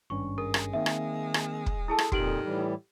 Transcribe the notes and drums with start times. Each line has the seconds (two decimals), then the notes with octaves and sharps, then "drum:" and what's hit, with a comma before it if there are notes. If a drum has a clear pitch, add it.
0.10 G#1 G2 C#4 C#6
0.38 G#3 A#4
0.54 drum: rim click
0.73 D#3 A#3 C4 E5
0.86 drum: rim click
1.34 drum: rim click
1.66 drum: kick
1.88 E4 G#4 A4 A5 D#6
1.98 drum: rim click
2.12 F2 A#2 D#3 G4 D7 F#7, drum: kick
2.44 A2 E3 G3